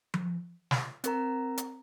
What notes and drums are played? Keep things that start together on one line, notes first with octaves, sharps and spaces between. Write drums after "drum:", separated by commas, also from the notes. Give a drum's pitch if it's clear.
drum: tom F3
drum: snare
C4 A#4 A#5, drum: hi-hat
drum: hi-hat